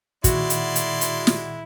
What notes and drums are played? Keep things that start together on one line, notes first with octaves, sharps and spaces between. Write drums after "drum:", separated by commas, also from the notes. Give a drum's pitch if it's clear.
A#2 D#3 G#3 E4 F#4 D5 C6, drum: kick, hi-hat
drum: hi-hat
drum: hi-hat
drum: hi-hat
drum: snare